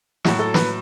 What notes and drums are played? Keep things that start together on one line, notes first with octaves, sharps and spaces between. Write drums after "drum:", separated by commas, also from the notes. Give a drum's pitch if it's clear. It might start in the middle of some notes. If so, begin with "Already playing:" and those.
A2 F#3 F#4, drum: snare
A4
B4, drum: snare